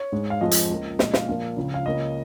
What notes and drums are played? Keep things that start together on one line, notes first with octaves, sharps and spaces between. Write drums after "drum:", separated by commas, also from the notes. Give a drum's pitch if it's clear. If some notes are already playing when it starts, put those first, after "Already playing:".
Already playing: C#5
G#2 G#3
F5
F2 F3 G#3 D#5
drum: hi-hat
C#2 C#3 A#3
A#2 F3 G#3 D#5, drum: snare
F5, drum: snare
A#2 F3 A#3 F5
C#2 C#3 F3
F5
C#2 C#3 A#3 D#5